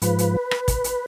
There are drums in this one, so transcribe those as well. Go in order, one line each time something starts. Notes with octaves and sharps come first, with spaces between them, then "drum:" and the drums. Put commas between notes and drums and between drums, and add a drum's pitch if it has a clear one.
G#2 F3 B4, drum: hi-hat
drum: hi-hat
drum: rim click
drum: kick, hi-hat
drum: hi-hat